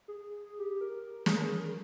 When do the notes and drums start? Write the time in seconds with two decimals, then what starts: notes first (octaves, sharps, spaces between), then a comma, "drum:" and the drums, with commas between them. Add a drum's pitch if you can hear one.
0.08 G#4
0.59 G4
0.70 G4
0.81 A#4
1.26 G#4, drum: snare
1.36 A#4
1.44 G#4
1.60 A#4